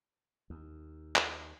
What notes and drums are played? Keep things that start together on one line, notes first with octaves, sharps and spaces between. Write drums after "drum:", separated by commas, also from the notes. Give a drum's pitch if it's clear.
D#2
drum: clap